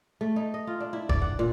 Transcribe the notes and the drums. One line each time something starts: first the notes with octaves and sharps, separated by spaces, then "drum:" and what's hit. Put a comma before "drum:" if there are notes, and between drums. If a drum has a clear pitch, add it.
A3
D#4
D#5
F4
D4
E4
D5, drum: kick E1
F#5
A#2